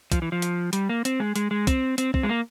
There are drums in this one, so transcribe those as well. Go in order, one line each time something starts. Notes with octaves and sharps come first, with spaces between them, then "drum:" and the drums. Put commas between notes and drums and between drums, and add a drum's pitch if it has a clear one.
F3, drum: kick, hi-hat
E3
F3
drum: hi-hat
G3, drum: hi-hat
A#3
C4, drum: hi-hat
G#3
G#3, drum: hi-hat
G#3
C4, drum: kick, hi-hat
C4, drum: hi-hat
C4, drum: kick
G#3
A#3